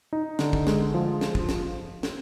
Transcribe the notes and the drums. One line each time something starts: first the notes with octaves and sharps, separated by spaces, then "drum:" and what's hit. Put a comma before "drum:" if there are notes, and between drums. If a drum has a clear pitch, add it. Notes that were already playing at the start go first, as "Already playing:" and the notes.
D#4
D3, drum: snare
drum: kick
G#3, drum: snare
F3
drum: snare
drum: kick
drum: snare
drum: snare